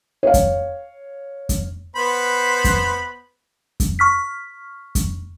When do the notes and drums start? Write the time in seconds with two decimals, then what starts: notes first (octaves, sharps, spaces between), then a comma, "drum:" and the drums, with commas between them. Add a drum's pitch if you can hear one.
0.23 C#5 F5
0.34 drum: kick F2, hi-hat
1.49 drum: kick F2, hi-hat
1.96 B3 C5 B5
2.64 drum: kick F2, hi-hat
3.80 drum: kick F2, hi-hat
3.99 C#6 F6 B6
4.95 drum: kick F2, hi-hat